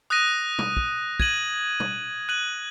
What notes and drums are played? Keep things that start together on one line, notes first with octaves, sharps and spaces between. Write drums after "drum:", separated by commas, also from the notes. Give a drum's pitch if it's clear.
D#6 F#6 A#6 D#7
drum: tom
drum: kick
G#6 D#7 F#7, drum: kick
drum: tom
F#6 D#7 F#7